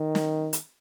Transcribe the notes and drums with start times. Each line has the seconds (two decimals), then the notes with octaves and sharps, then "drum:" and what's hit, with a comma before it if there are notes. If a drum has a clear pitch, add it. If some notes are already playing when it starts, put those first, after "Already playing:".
Already playing: D#3
0.15 drum: snare
0.53 drum: hi-hat